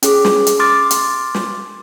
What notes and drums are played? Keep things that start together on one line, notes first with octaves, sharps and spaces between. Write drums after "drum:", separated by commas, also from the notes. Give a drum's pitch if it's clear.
C#4 G#4 D6, drum: hi-hat
drum: snare
drum: hi-hat
C6 D6 F6 A6
drum: hi-hat
drum: snare